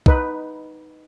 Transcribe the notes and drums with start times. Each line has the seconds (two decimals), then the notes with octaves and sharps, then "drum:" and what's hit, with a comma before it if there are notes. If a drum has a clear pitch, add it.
0.06 D#4 B4, drum: kick